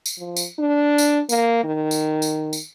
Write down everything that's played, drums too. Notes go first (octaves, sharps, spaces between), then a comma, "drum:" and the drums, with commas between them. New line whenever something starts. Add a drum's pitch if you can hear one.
drum: tambourine
F3
drum: tambourine
D4
drum: tambourine
A#3, drum: tambourine
D#3
drum: tambourine
drum: tambourine
drum: tambourine